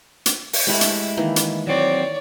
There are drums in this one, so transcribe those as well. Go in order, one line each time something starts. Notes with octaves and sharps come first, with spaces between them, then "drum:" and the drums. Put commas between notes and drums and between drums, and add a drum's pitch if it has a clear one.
drum: hi-hat
drum: open hi-hat
G#3 A3 E4 G4 B5
drum: hi-hat
D#3 E3 A#3
drum: hi-hat
F#3 C4 C#5 D5